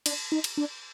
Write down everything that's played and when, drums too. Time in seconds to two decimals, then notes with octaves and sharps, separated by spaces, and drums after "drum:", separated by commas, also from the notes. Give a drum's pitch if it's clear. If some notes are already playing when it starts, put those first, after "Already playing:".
0.06 D4, drum: cymbal
0.32 D#4
0.44 drum: cymbal
0.57 D4